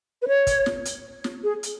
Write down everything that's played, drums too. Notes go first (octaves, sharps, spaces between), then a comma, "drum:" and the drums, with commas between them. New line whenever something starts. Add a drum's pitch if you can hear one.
B4
C#5
drum: kick, hi-hat
drum: snare
drum: hi-hat
drum: snare
G#4
drum: hi-hat